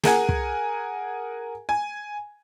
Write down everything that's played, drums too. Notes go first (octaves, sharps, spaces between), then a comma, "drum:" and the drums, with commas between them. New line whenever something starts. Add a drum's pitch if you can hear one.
G#4 A#4 F#5 G#5, drum: snare
drum: kick
G#5